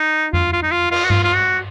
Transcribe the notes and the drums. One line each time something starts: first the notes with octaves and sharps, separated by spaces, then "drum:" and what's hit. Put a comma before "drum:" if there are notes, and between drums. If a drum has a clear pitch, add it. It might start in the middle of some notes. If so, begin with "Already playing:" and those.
Already playing: D#4
F4, drum: tom F2
F4
D#4
F4
F4, drum: cymbal
F#4
F4, drum: tom G2
F4
F#4